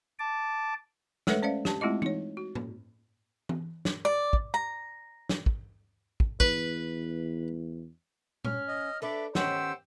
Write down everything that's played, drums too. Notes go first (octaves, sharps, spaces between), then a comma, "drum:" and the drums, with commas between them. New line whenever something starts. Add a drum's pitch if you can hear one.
A5 D6
G#3 A3 A4 B4 C#5 E5, drum: snare
C#4 C5 D5 E5 F5
G4 A5, drum: snare
G#3 A3 C4 E4 F4 D#5
D#4 C#5, drum: tom E3
F#4
drum: tom
drum: tom E3
drum: snare
D5
drum: kick
A#5
drum: snare
drum: kick
drum: kick
E2 B4, drum: kick
C#4 F6, drum: tom A#2
D#5
D4 A4 B4 D5 E5
D#3 B3 C#4 G4 C5 F#5 E6, drum: snare